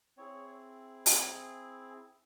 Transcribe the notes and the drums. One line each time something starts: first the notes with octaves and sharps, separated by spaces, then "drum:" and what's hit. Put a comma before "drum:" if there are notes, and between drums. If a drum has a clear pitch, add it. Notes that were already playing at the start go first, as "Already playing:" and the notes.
C4 E4 G#4 C#5
C5, drum: open hi-hat